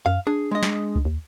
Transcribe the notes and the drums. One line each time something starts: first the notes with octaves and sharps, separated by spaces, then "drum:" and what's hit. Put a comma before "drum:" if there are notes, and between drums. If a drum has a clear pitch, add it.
F#2 F5
D4 G#4
G#3 D#5
drum: snare
drum: kick C2
D#2